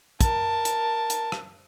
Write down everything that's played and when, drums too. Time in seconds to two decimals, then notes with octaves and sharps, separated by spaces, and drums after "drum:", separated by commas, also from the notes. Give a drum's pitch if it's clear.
0.21 A#4 A5, drum: kick, hi-hat
0.65 drum: hi-hat
1.10 drum: hi-hat
1.32 drum: rim click